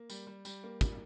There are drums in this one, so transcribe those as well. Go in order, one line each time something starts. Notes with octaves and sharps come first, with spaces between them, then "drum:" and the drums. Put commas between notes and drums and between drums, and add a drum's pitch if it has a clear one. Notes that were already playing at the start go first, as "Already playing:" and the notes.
Already playing: A#3
G3, drum: tambourine
G3
G3, drum: tambourine
A#3
G3, drum: kick, tambourine